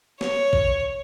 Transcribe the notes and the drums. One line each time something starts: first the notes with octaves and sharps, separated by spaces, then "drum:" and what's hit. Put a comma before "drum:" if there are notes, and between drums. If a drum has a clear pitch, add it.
C#5, drum: snare
drum: kick A1